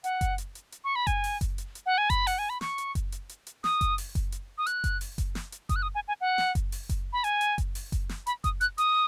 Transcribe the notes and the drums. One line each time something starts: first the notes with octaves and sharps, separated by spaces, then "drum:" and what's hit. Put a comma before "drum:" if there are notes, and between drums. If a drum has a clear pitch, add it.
F#5, drum: hi-hat
drum: kick F#1, hi-hat
drum: hi-hat
drum: hi-hat
drum: hi-hat
C#6
B5
G#5, drum: kick F#1, hi-hat
drum: open hi-hat
drum: kick F#1, hi-hat
drum: hi-hat
drum: hi-hat
F#5
G#5
B5, drum: kick F#1, hi-hat
F#5, drum: open hi-hat
G#5
B5
C#6, drum: snare
drum: hi-hat
drum: kick F#1, hi-hat
drum: hi-hat
drum: hi-hat
drum: hi-hat
D#6, drum: snare
drum: kick F#1, hi-hat
drum: open hi-hat
drum: kick F#1, hi-hat
drum: hi-hat
D#6
F#6, drum: hi-hat
drum: kick F#1, hi-hat
drum: open hi-hat
drum: kick F#1, hi-hat
drum: snare
drum: hi-hat
D#6, drum: kick F#1, hi-hat
F#6
D#6
G#5
G#5
F#5
drum: snare
drum: kick F#1, hi-hat
drum: open hi-hat
drum: kick F#1, hi-hat
B5
G#5, drum: hi-hat
drum: hi-hat
drum: kick F#1, hi-hat
drum: open hi-hat
drum: kick F#1, hi-hat
drum: snare
B5, drum: hi-hat
D#6, drum: kick F#1, hi-hat
F#6, drum: hi-hat
D#6, drum: hi-hat